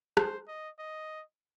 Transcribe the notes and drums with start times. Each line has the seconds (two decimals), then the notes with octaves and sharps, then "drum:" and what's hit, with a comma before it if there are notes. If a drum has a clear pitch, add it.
0.17 C5, drum: rim click
0.48 D#5
0.79 D#5